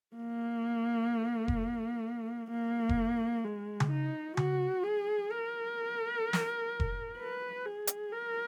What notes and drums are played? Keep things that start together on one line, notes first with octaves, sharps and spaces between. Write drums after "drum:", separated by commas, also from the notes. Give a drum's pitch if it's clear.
A#3
drum: kick F1
A#3
drum: kick F1
G#3
drum: tom C#3
D#4
F#4, drum: tom C#3
G#4
A#4
drum: snare
drum: kick F1
B4
G#4
drum: hi-hat
A#4